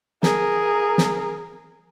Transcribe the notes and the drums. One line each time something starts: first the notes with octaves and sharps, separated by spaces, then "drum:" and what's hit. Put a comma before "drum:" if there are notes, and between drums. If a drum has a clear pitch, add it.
G#4 A#4, drum: snare
drum: snare